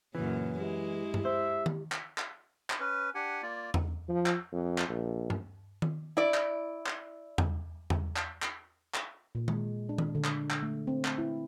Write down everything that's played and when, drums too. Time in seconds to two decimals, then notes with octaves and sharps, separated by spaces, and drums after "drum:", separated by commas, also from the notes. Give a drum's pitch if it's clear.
0.15 F#2 A#2 C#3 E3
0.58 G#3 E4 G4
1.14 drum: tom G2
1.25 C5 E5
1.66 drum: tom D#3
1.92 drum: clap
2.18 drum: clap
2.70 drum: clap
2.80 C#4 B4
3.15 D4 G4 F#5 G#5
3.43 A#3 F4 D5
3.74 drum: tom E2
4.09 F3
4.26 drum: clap
4.52 F2
4.78 drum: clap
4.89 A#1
5.30 drum: tom G2
5.82 drum: tom D#3
6.17 E4 D5
6.34 drum: clap
6.86 drum: clap
7.38 drum: tom E2
7.90 drum: tom E2
8.16 drum: clap
8.42 drum: clap
8.94 drum: clap
9.35 A#2
9.48 G#3, drum: tom D#3
9.89 D4
9.98 drum: tom D#3
10.15 D3
10.24 drum: clap
10.50 drum: clap
10.63 A3
10.87 C4
11.05 C4, drum: clap
11.18 E4